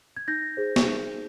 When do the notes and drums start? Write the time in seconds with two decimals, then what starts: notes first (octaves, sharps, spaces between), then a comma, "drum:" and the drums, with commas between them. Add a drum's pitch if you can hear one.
0.17 G#6
0.28 D#4 G6 A#6
0.57 G#4 C5
0.76 drum: snare
0.85 D#4